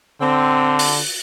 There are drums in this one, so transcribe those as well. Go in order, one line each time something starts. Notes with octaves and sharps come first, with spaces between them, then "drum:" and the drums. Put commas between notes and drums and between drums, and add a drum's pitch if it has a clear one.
D3 C4
drum: open hi-hat